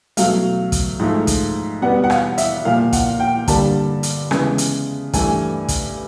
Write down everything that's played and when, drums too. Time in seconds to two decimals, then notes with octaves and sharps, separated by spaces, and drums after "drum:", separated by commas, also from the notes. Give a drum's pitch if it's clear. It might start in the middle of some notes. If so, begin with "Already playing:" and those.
0.17 B2 F#3 A3 F5, drum: hi-hat
0.72 drum: kick, hi-hat
0.99 G#2 F3 A3
1.27 drum: kick, hi-hat
1.82 B2 G3 B3 F#5
2.04 F#5
2.10 F5, drum: rim click
2.38 E5, drum: hi-hat
2.65 A#2 F3 A#3 F5
2.93 F#5, drum: kick, hi-hat
3.20 G5
3.48 G2 D3 G3 A#3 A5, drum: kick, hi-hat
4.03 drum: hi-hat
4.31 C#3 E3 G#3 B3, drum: rim click
4.58 drum: hi-hat
5.13 G2 E3 A3 G#5, drum: kick, hi-hat
5.68 drum: kick, hi-hat